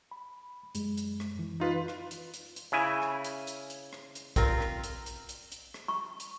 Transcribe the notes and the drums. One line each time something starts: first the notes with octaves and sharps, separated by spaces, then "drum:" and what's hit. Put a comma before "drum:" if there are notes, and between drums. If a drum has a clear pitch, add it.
B5
F#2 G#3, drum: hi-hat
drum: hi-hat
drum: rim click
F#2 E3
D#4 F4 B4
drum: rim click
drum: hi-hat
drum: hi-hat
drum: hi-hat
C#3 E4 G#5
drum: rim click
drum: hi-hat
drum: hi-hat
drum: hi-hat
drum: rim click
drum: hi-hat
C4 F4 A#4, drum: kick A#1, hi-hat
drum: rim click
drum: hi-hat
drum: hi-hat
drum: hi-hat
drum: hi-hat
drum: rim click
C#6
drum: hi-hat